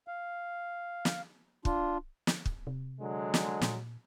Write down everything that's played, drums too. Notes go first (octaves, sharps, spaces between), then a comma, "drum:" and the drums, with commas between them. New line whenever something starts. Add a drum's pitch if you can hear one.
F5
drum: snare
D4 F4, drum: kick
drum: snare
drum: kick
C3
D3 F#3 G#3
drum: snare
A#2, drum: snare